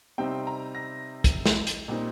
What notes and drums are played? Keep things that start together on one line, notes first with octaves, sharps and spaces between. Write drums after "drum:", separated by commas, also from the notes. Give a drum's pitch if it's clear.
C3 G3 C4 D#4 G5
A#5
A#6
drum: kick, hi-hat
drum: snare
drum: hi-hat
A#2 G3 C4 D#4